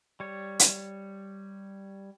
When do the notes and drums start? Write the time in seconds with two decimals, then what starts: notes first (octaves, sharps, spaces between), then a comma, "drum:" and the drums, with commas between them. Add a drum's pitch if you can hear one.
0.20 G3 C#5
0.59 drum: hi-hat